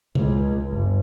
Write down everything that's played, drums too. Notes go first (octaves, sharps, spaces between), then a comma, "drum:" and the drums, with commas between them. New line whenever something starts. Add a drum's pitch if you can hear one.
C#2, drum: tom C#3
G1